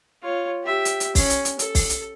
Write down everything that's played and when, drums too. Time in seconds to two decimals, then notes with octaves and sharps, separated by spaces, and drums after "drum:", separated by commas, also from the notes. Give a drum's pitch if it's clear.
0.22 F4 C#5
0.63 G4 E5
0.85 drum: hi-hat
1.00 drum: hi-hat
1.15 C#4, drum: kick, open hi-hat
1.30 drum: hi-hat
1.45 drum: hi-hat
1.59 A4, drum: hi-hat
1.75 drum: kick, open hi-hat
1.90 drum: hi-hat